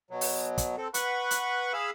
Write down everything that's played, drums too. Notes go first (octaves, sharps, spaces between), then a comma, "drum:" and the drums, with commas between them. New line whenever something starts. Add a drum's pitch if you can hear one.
B2 F#3
drum: open hi-hat
drum: kick, hi-hat
C4 A4
B4 F#5 B5 C#6, drum: hi-hat
drum: hi-hat
G#4 F5 B5 E6